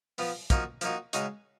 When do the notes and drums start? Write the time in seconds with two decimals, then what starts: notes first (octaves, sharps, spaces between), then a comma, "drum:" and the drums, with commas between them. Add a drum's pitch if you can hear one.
0.18 F3 B3 F4, drum: open hi-hat
0.50 F3 A#3 D#4 F#4, drum: kick, hi-hat
0.81 F3 A#3 D#4 F#4, drum: hi-hat
1.13 C#3 G#3 D#4 F#4, drum: hi-hat